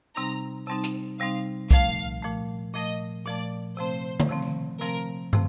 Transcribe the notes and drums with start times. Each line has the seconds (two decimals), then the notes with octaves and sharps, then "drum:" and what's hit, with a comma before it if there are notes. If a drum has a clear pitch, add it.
0.16 C3 G3 C4 D#4 A#5
0.67 C3 G3 C4 D#4 A5
0.84 drum: hi-hat
1.20 C3 G3 C4 D#4 F5
1.71 A#2 F3 A3 F5, drum: kick C2
2.22 A#2 F3 A3
2.74 A#2 F3 A3 D#5
3.26 A#2 F3 A3 D5
3.77 C3 F3 A3 C4 C5
4.20 drum: tom D3
4.29 C3 F3 A3 C4
4.42 drum: tambourine
4.80 C3 F3 A3 C4 A#4
5.33 C3 F3 A3 C4, drum: tom